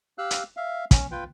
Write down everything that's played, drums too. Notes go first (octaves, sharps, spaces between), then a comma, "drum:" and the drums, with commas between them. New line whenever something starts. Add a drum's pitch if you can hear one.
G4 F5 E6 F#6
drum: hi-hat
E5 F5
C#4, drum: kick, hi-hat
F4 B4 G5